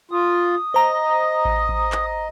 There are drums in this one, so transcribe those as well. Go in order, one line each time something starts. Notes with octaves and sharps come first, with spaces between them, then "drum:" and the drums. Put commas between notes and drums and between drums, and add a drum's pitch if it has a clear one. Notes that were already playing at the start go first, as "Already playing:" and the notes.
F4 D#6
C5 D#5 A#5
drum: kick A1
drum: kick A1
drum: clap